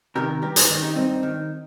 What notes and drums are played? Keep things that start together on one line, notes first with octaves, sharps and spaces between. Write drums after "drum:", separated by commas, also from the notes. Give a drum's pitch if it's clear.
C3 D#3 G4 A#4
G2 G4 A#4
G#4 C5, drum: hi-hat
D#3
D#4 G4
G2 C4 D#4
D#3